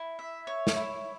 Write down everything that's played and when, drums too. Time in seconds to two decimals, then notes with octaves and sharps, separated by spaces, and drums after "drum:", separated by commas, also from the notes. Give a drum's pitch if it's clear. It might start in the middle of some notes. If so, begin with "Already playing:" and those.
Already playing: E4
0.19 E5
0.47 C#5
0.67 drum: snare
0.76 E4